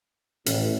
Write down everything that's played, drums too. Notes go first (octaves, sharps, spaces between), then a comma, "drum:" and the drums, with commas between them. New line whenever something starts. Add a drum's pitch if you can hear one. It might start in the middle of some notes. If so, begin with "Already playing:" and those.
A1, drum: hi-hat